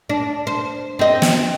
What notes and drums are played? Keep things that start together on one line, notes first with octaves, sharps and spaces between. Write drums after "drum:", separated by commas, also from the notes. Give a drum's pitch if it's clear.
D4
C5
C4 D#5
drum: snare